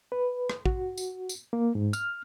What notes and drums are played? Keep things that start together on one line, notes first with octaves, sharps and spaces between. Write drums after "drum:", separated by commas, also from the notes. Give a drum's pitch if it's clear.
B4
drum: rim click
F#4, drum: kick
drum: tambourine
drum: tambourine
A#3
G#2
F6, drum: tambourine